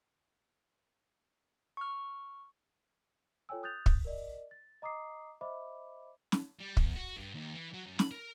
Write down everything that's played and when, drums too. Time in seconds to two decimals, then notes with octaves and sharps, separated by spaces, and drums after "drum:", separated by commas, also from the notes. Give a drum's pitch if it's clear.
1.77 C#6 F6
3.49 F4 A4 C#5 G5 G#5 E6
3.63 D#6 F#6 G6 A6 F7
3.86 drum: kick
4.05 A#4 D5 D#5
4.51 A6
4.82 D#5 A#5 D6 D#6 C7
5.41 C5 D#5 E5 B5 D6
6.32 drum: snare
6.60 G3
6.77 E2, drum: kick
6.96 F#4
7.17 G2
7.34 D#2
7.54 E3
7.74 F#3
7.87 F#2
7.99 B5, drum: snare
8.11 A#4